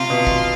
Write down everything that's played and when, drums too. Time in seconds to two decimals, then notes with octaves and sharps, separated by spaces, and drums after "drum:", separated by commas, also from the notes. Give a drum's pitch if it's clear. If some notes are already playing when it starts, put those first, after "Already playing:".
Already playing: C3 C4 F4
0.10 B2 B3
0.27 drum: kick